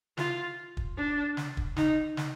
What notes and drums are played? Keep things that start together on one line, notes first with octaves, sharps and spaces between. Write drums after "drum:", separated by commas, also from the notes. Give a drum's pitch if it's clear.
F4, drum: snare
drum: kick
D4
drum: snare
drum: kick
D#4, drum: snare
drum: snare